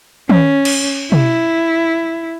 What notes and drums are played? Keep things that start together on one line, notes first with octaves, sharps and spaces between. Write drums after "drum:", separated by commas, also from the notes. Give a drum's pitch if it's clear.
C#4, drum: tom
drum: cymbal
E4, drum: tom